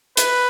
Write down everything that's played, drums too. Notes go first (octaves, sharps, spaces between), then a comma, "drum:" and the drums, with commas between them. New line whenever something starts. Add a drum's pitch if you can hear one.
B4, drum: hi-hat